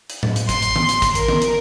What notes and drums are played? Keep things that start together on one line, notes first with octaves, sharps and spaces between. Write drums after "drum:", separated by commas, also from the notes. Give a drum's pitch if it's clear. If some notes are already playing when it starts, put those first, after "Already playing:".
drum: hi-hat
drum: tom A2
drum: hi-hat
C6, drum: kick, hi-hat
drum: hi-hat
drum: tom D#3
drum: hi-hat
drum: kick, hi-hat
A#4, drum: hi-hat
drum: tom D#3
drum: hi-hat